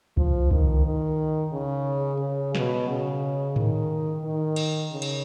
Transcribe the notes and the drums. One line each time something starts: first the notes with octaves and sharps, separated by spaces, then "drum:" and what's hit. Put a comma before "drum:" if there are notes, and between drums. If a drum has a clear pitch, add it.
F3, drum: kick C2
D#3, drum: kick C2
D#3
C#3
C#3
B2, drum: snare
C#3
D#3, drum: tom G#2
D#3
drum: cymbal
C#3
drum: cymbal